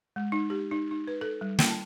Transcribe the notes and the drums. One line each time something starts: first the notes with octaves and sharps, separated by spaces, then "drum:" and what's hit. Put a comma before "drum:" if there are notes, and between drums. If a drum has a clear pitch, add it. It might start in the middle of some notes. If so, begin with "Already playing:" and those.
G#3
D#4
G4
D#4
D#4
B4
A4
G3
G5, drum: snare
A5